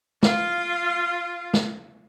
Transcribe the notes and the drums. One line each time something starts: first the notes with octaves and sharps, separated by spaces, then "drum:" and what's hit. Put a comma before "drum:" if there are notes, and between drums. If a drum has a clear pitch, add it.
F4 F5, drum: snare
drum: snare